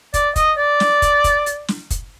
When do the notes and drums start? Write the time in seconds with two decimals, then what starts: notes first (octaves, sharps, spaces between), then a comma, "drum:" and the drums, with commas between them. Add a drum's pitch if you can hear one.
0.14 D5, drum: kick, hi-hat
0.36 D#5, drum: kick, hi-hat
0.58 D5
0.80 drum: snare
1.02 drum: kick, hi-hat
1.24 drum: kick, hi-hat
1.46 drum: hi-hat
1.68 drum: snare
1.91 drum: kick, hi-hat